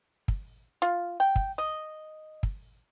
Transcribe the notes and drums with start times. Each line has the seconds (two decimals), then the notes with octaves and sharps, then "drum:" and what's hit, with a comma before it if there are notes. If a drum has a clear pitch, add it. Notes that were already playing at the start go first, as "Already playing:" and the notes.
0.28 drum: kick
0.82 F4
1.20 G5
1.36 drum: kick
1.58 D#5
2.43 drum: kick